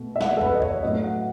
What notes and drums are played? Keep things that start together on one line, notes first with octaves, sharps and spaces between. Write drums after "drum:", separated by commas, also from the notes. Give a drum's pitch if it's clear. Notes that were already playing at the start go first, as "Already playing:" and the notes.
Already playing: B2 A3
E5
F#5, drum: snare
A4
B4, drum: kick
D#5
C#5, drum: kick
A2 F#3 A3 D#5
F#5